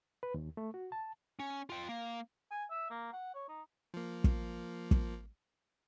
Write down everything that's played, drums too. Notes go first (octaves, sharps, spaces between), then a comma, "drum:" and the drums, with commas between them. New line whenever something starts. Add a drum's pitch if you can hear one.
B4
D#2
A3
F#4
A5
C#4
F4 G5
A#3
G#5
E5
A#3
F#5
C#5
D#4
F3 A#3
drum: kick
drum: kick